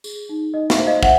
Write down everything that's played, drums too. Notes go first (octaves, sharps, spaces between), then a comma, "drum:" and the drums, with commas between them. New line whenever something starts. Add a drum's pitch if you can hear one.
G#4, drum: tambourine
D#4
D#4 D#5
E5, drum: snare
C5
D#5 F5
C5 E5 F#5, drum: kick